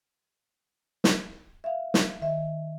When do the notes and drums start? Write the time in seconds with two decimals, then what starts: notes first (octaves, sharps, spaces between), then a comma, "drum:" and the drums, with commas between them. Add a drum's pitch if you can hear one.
1.04 drum: snare
1.64 E5 F5
1.94 drum: snare
2.22 D#3 E5